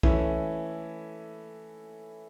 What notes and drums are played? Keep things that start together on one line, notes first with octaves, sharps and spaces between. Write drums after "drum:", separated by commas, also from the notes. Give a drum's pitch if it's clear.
E3 A3 C#4 E4, drum: kick B1